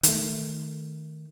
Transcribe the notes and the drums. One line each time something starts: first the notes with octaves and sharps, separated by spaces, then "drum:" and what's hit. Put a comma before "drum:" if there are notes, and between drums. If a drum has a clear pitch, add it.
D#3 A3, drum: hi-hat